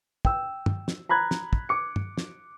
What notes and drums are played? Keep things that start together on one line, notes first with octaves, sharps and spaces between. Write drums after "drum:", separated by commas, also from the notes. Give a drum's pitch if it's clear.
G5 E6, drum: kick
drum: tom
drum: snare
A#5 B5 F#6 G#6
drum: snare
drum: kick
D6 C#7
drum: tom
drum: snare